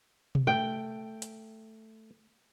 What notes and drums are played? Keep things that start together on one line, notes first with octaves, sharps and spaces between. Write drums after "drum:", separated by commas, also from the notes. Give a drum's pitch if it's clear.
drum: tom B2
A3 G5
drum: hi-hat